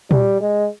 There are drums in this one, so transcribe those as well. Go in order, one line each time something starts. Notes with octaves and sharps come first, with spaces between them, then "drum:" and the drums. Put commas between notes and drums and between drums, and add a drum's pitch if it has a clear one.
G3, drum: tom A#2
G#3